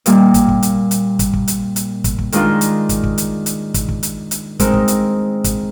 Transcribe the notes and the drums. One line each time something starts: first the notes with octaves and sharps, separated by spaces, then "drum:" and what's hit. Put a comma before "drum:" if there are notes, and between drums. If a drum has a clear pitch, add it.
A#2 G3 A#3, drum: hi-hat
drum: kick, hi-hat
drum: kick
drum: hi-hat
drum: hi-hat
drum: kick, hi-hat
drum: kick
drum: hi-hat
drum: hi-hat
drum: kick, hi-hat
drum: kick
D#3 G#3 D4 F4 A#4, drum: hi-hat
drum: hi-hat
drum: kick, hi-hat
drum: kick
drum: hi-hat
drum: hi-hat
drum: kick, hi-hat
drum: kick
drum: hi-hat
drum: hi-hat
G#3 C4 D#4 A#4, drum: kick, hi-hat
drum: kick
drum: hi-hat
drum: kick, hi-hat